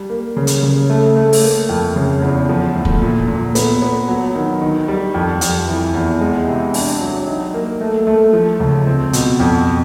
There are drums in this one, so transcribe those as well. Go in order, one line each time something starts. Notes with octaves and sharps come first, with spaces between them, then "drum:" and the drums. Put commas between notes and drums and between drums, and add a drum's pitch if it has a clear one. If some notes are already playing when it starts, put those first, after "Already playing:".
Already playing: G3
A#3
C#3
drum: hi-hat
C#3
A3
A3
drum: open hi-hat
A#3
F2
C#3
E2
F3
D2
drum: kick
A#2
A#2
B3, drum: hi-hat
B3
F#3
D#3
D#3
G3
F2
F2, drum: hi-hat
E3
E2
G#3
C3
D4, drum: open hi-hat
F#3
D#4
A#3
A3
A3
F3
C#2
C4
B2, drum: hi-hat
F2